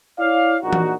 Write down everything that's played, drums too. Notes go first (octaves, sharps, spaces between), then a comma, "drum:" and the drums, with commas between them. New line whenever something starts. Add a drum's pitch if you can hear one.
E4 C#5 D5 F5
A#1 A#2 D#4 F#4
drum: tom E3